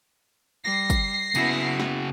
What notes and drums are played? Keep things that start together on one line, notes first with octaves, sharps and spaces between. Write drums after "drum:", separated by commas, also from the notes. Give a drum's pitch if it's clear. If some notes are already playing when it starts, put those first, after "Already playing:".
G3 A#6 C7
drum: kick, tambourine
C#3 B3 E4 F#4, drum: tambourine
drum: snare